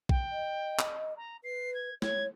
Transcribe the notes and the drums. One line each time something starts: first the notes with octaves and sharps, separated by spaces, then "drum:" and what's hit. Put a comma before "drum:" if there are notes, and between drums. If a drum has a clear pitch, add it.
G5, drum: kick A#1
D#5
drum: clap
A#5
B4 C7
G#6
C#5 G#6, drum: snare